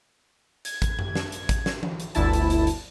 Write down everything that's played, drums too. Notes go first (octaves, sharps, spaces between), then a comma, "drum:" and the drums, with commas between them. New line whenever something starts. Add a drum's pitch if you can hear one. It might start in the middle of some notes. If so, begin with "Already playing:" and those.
G#6, drum: hi-hat
drum: kick, hi-hat
drum: tom F#2
drum: snare
drum: hi-hat
drum: kick, hi-hat
drum: snare
drum: tom E3
drum: hi-hat
G1 D2 E4 A5, drum: hi-hat
drum: hi-hat
drum: hi-hat
drum: hi-hat